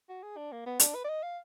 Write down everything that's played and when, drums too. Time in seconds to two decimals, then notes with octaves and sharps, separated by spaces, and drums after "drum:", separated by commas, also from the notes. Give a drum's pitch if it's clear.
0.09 F#4
0.23 G#4
0.37 D4
0.52 A#3
0.66 B3
0.80 D4, drum: hi-hat
0.95 B4
1.04 D5
1.09 D#5
1.23 F5